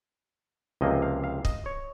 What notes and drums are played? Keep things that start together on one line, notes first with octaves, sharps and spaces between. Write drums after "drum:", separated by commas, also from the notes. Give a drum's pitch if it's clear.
C#2 C3 F3 A#3 D#5
F5
F5
D#5, drum: kick
C#5